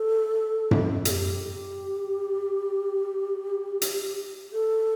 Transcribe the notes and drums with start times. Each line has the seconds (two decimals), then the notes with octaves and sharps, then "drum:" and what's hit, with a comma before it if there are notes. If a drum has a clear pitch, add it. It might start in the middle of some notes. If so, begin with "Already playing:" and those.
Already playing: A4
0.71 drum: tom F#2
1.05 A4, drum: hi-hat
1.10 G4
3.82 drum: hi-hat
4.53 A4